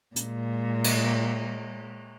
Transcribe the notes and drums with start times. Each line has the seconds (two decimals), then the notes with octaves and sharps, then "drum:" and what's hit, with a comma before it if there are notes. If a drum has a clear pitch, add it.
0.16 A#2 G#3, drum: hi-hat
0.84 drum: cymbal